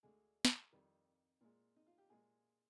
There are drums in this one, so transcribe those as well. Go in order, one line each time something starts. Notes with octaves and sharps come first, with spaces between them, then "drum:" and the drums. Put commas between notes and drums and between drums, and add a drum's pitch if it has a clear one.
D2 D3 G#3 G#4
drum: snare
F2 D#3 G3
A#2 G#3
D#4
F4
G4
A#2 G#3 G#4